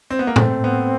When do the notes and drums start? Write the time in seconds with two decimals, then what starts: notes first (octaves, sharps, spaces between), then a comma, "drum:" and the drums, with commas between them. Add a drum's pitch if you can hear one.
0.11 C4
0.19 B3
0.27 A#3
0.36 A3 C4, drum: tom A2
0.64 B3